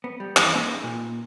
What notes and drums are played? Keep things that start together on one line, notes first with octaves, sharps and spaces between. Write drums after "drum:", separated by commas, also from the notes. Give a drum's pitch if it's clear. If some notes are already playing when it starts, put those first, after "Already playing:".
B3
G3
G2 E3, drum: clap
A#3 B3 C#4 D#4 G#4 B4
A#2